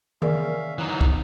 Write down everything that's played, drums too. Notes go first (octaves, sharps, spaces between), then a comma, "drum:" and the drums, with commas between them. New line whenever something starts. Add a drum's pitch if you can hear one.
C#4 G#4 A#4 D5 E5 F5, drum: tom D#3
G#2 E3 F#3 B3 D#4
drum: kick